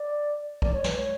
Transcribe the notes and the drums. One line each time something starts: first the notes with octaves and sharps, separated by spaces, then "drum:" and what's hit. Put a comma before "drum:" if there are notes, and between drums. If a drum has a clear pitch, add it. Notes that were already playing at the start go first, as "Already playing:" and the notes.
Already playing: D5
D5, drum: kick
C#5
B4, drum: snare
C#5